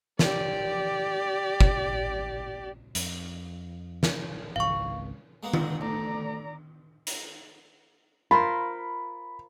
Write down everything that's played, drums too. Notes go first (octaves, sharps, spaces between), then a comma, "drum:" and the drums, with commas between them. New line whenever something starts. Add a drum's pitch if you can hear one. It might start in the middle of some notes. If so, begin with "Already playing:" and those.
G4 D5, drum: snare
drum: kick
F2, drum: hi-hat
drum: snare
G#1 C#2 F5 C#6
G#3 A#3 B3
drum: tom D#3
D2 D5 A#5
drum: hi-hat
F4 A#4 C5 B5